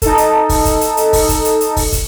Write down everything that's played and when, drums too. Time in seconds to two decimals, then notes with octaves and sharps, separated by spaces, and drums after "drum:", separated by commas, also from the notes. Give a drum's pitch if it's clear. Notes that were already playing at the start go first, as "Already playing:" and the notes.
0.02 D#4 A4, drum: kick, hi-hat
0.18 drum: hi-hat
0.49 drum: kick, open hi-hat
0.65 drum: kick, hi-hat
0.81 drum: hi-hat
0.97 drum: hi-hat
1.13 drum: kick, open hi-hat
1.29 drum: kick, hi-hat
1.45 drum: hi-hat
1.61 drum: hi-hat
1.77 drum: kick, open hi-hat
1.92 drum: kick, hi-hat